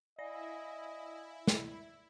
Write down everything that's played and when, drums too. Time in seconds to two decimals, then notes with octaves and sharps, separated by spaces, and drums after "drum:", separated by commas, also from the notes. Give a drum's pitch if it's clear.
0.19 E4 D5 D#5 F5 G#5 A#6
1.47 drum: snare